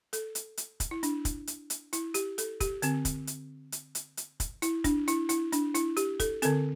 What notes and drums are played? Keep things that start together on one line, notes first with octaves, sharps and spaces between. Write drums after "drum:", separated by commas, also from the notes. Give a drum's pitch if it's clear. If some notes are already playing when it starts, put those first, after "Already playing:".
A4, drum: hi-hat
drum: hi-hat
drum: hi-hat
drum: kick, hi-hat
E4
D4, drum: hi-hat
drum: kick, hi-hat
drum: hi-hat
drum: hi-hat
E4, drum: hi-hat
G4, drum: hi-hat
A4, drum: hi-hat
G4, drum: kick, hi-hat
D3 C4, drum: hi-hat
drum: kick, hi-hat
drum: hi-hat
drum: hi-hat
drum: hi-hat
drum: hi-hat
drum: kick, hi-hat
E4, drum: hi-hat
D4, drum: kick, hi-hat
E4, drum: hi-hat
E4, drum: hi-hat
D4, drum: hi-hat
E4, drum: hi-hat
G4, drum: hi-hat
A4, drum: kick, hi-hat
D3 C4 A4, drum: hi-hat